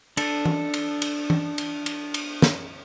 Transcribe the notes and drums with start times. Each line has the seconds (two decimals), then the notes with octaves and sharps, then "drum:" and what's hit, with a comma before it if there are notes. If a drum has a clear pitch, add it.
0.17 D4 A4, drum: cymbal
0.45 drum: tom E3
0.74 drum: cymbal
1.02 drum: cymbal
1.30 drum: tom E3
1.58 drum: cymbal
1.86 drum: cymbal
2.14 drum: cymbal
2.42 drum: snare